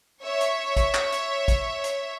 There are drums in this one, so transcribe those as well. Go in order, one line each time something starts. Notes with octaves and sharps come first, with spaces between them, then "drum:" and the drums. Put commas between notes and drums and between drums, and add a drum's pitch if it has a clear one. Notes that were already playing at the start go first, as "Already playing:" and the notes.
C#5 E5
drum: hi-hat
drum: kick, hi-hat
drum: clap
drum: hi-hat
drum: kick, hi-hat
drum: hi-hat